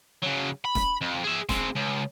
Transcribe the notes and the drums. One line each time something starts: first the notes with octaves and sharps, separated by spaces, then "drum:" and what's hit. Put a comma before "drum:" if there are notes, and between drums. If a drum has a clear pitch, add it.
C#3 F#3
B5
drum: snare
F2
G#4 E5
G#3 C4, drum: snare
C#2